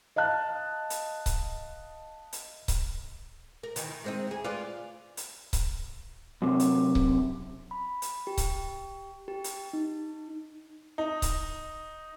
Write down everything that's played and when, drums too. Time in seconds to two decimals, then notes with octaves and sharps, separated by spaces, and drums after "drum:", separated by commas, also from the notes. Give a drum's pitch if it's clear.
0.16 D#5 F5 A5 F#6
0.90 drum: hi-hat
1.26 drum: kick C#1, hi-hat
2.33 drum: hi-hat
2.68 drum: kick C#1, hi-hat
3.63 A#4
3.76 D#3 E3, drum: hi-hat
3.90 D#3
4.04 G#3 C4 D#4
4.27 D2 G#4
4.44 F4 B4 D5
5.17 drum: hi-hat
5.53 drum: kick C#1, hi-hat
6.42 F#2 C3
6.60 drum: hi-hat
6.95 drum: kick C#1
7.71 B5
8.02 drum: hi-hat
8.27 G4
8.38 drum: kick C#1, hi-hat
9.28 G4
9.44 drum: hi-hat
9.73 D#4
10.98 D#4
11.22 drum: kick C#1, hi-hat